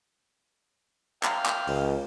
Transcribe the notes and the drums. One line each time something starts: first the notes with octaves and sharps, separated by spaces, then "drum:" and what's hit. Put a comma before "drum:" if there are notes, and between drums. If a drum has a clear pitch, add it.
F5 G5, drum: clap
drum: clap
C#2, drum: open hi-hat